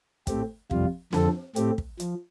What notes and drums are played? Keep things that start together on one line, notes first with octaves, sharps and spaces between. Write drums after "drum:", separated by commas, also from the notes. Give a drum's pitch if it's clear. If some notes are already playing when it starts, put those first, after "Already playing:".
A2 A3 C4 G4, drum: kick, hi-hat
F2 C3 G3 F4, drum: kick
F2 D3 F3 C4 A4, drum: snare C4
A2 A3 C4 G4, drum: hi-hat
drum: kick
F3, drum: hi-hat